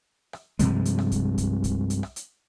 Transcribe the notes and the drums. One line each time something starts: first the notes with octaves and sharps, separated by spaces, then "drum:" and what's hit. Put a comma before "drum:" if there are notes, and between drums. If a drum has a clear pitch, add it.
drum: rim click
G2 C3 F3 G#3, drum: kick C2, hi-hat
drum: hi-hat
drum: rim click
drum: kick C2, hi-hat
drum: kick C2, hi-hat
drum: kick C2, hi-hat
drum: hi-hat
drum: rim click
drum: hi-hat